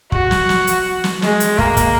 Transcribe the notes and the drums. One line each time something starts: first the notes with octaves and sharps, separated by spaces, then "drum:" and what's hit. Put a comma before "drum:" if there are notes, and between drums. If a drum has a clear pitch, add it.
F#4, drum: kick
drum: snare
drum: snare
drum: hi-hat
drum: snare
G#3, drum: snare
drum: hi-hat
A#3, drum: kick
drum: kick, hi-hat